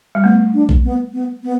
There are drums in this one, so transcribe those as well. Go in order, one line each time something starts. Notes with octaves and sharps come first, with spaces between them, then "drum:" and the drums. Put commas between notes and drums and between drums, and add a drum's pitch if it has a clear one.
G3
A3 B3
D4
drum: kick B1
B3
B3
B3